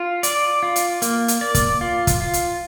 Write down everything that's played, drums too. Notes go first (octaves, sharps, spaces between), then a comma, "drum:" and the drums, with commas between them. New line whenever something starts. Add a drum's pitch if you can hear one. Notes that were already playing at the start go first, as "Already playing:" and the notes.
Already playing: F4
D5, drum: hi-hat
F4
drum: hi-hat
A#3, drum: hi-hat
drum: hi-hat
D5
drum: kick, hi-hat
F4
drum: kick, hi-hat
F4
drum: hi-hat